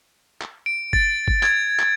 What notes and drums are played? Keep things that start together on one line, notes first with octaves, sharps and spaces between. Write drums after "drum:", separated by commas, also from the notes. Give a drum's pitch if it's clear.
drum: clap
D7
A6, drum: kick G1
drum: kick G1
G#6, drum: clap
drum: clap